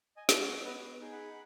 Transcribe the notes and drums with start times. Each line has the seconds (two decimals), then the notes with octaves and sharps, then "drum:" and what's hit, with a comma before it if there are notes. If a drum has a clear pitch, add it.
0.16 D#5 G#5
0.29 F#4, drum: snare
0.41 C#5 F#5
0.64 B3 B4 D#5
1.01 D#4 G#4
1.12 F#5 B5